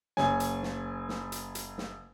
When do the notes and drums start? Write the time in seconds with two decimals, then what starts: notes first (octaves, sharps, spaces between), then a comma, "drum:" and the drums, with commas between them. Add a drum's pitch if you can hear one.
0.17 F#1 C#5 G#5, drum: snare
0.40 drum: hi-hat
0.63 drum: snare
1.09 drum: snare
1.32 drum: hi-hat
1.55 drum: hi-hat
1.78 drum: snare